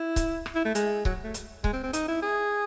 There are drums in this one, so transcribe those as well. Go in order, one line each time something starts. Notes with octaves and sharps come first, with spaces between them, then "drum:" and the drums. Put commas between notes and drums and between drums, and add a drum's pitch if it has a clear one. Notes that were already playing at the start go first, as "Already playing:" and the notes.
Already playing: E4
drum: kick C#1, hi-hat
drum: rim click
E4
A3
G#3, drum: hi-hat
F#3, drum: kick C#1
A3
drum: hi-hat
G#3, drum: kick C#1
C4
C4
D#4, drum: hi-hat
E4
G#4